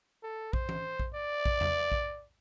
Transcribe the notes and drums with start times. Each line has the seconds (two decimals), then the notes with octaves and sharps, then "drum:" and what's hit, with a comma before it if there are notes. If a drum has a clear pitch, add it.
0.23 A4
0.53 C5, drum: kick A#1
0.69 drum: tom E3
0.99 drum: kick A#1
1.14 D5
1.46 drum: kick A#1
1.61 drum: tom E2
1.92 drum: kick A#1